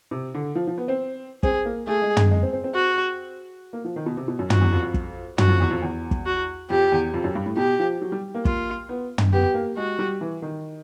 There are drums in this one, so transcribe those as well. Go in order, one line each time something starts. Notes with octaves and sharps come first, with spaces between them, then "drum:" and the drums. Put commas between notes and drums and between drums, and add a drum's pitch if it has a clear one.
C3
D3
F3
F3
B3
C4
C4 G#4, drum: kick
A#3
A3 G#4
G#3
G#3, drum: tom
G#3
C4
C4
C4
F#4
A#3
F3
D#3
B2
C3
B2
F#2
F2 F#4, drum: tom
E2
F2
F2
drum: kick
F#2 F#4, drum: tom
F2
E2
F2
E2
drum: kick
F#4
F2 G4
E2
F2
F#2
G2
A2
B2 G4
F3
F#3
G3
A#3
F4, drum: kick
B3
drum: tom
B3 G4
A#3
G#3 F#4
G3
E3
D#3